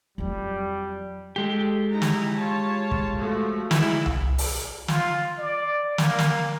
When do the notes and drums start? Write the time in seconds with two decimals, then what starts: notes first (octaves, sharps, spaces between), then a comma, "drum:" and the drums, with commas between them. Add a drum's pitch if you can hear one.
0.18 F2 F#3 G3
1.36 G#3 G4 A4
1.92 D#4 E4 A#5
2.02 drum: snare
2.36 F4 C#5 A5
2.91 drum: kick
3.17 F3 A3 F#4
3.71 E3 G#3 E4, drum: snare
4.06 drum: tom C2
4.38 drum: open hi-hat
4.88 F4, drum: snare
5.38 D5
5.98 A#3, drum: snare
6.19 drum: snare